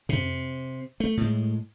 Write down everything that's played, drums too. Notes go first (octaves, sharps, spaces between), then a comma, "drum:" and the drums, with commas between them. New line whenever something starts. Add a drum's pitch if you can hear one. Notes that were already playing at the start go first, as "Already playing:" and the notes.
C3, drum: tom
A3
A2 G#3